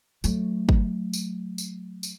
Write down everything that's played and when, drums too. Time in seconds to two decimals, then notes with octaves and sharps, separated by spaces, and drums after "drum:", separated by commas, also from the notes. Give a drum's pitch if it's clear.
0.24 F#3 A3, drum: tambourine
0.69 drum: kick
1.13 drum: tambourine
1.58 drum: tambourine
2.03 drum: tambourine